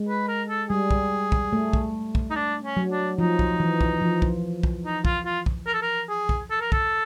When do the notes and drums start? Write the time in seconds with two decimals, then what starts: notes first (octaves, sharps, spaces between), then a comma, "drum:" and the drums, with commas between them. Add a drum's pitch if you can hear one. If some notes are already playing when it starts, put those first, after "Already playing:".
Already playing: G#3
0.08 B4
0.28 A#4
0.49 A4
0.70 G3 G#4
0.91 drum: kick
1.32 drum: kick
1.53 A3
1.73 drum: kick
2.15 drum: kick
2.30 D#4
2.36 D4
2.63 C#4
2.77 F#3
2.91 D4
3.18 F3 D#4
3.39 drum: kick
3.60 E3
3.81 drum: kick
4.02 F3
4.22 drum: kick
4.63 drum: kick
4.85 D#4
5.05 F4, drum: kick
5.25 F4
5.46 drum: kick
5.66 A#4
5.74 A4
5.82 A#4
6.09 G#4
6.29 drum: kick
6.50 A4
6.61 A#4
6.72 A4, drum: kick